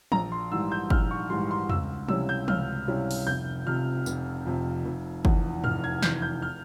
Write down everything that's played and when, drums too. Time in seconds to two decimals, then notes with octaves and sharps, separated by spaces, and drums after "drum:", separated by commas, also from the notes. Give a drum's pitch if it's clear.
0.12 A#1 A#5, drum: tom E3
0.32 C6
0.51 G#2 E3 G3 E6
0.72 G6
0.90 A#1 F6, drum: kick
1.11 C#6
1.30 G#2 E3 G3 C6
1.51 C6
1.69 C#2 E6, drum: tom E2
2.09 C3 G3 C#4 E4 E6, drum: tom E3
2.29 G6
2.48 C#2 F6, drum: tom E3
2.87 C3 G3 C#4 E4
3.11 drum: open hi-hat
3.27 F1 G6
3.66 F2 C3 F6
4.06 F1, drum: tambourine
4.46 F2 C3
4.85 F1
5.25 E2 E3, drum: kick
5.64 F1 F6, drum: tom G2
5.84 G#6
6.02 E2 E3 G6, drum: snare
6.22 G6
6.42 F6